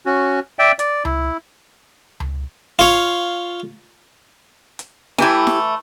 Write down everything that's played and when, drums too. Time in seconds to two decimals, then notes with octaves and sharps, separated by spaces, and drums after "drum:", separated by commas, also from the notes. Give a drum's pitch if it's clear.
0.06 C#4 F#4
0.59 D5 E5 G5
0.79 D5, drum: hi-hat
1.05 E4, drum: tom C#2
2.20 drum: tom C#2
2.79 F4 C#5
4.79 drum: hi-hat
5.18 E3 A3 E4 G4 G#5, drum: snare E4
5.47 drum: snare E4